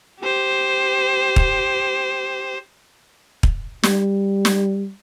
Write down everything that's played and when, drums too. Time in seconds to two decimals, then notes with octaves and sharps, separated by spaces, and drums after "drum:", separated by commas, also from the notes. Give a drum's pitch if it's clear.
0.21 G4 C5
1.36 drum: kick
3.43 drum: kick
3.83 G3, drum: snare
4.45 drum: snare